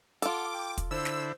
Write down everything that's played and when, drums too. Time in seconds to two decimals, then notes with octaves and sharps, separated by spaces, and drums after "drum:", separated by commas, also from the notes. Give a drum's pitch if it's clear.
0.22 F4 A4 F#5 D6, drum: hi-hat
0.53 G5
0.78 drum: kick, hi-hat
0.91 D3 E4 C5 E6
1.05 drum: snare